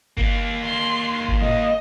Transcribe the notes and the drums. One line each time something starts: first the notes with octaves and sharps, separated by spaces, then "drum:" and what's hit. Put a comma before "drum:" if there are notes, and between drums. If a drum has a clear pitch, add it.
A#3 G4, drum: kick G1
C6
drum: kick G1
D#5, drum: tom